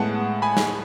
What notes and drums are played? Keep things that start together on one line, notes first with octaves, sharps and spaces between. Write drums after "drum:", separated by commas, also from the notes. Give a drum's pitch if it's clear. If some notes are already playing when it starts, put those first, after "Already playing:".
Already playing: A2 G#3 B3 F#5 A5
G#5 B5
drum: snare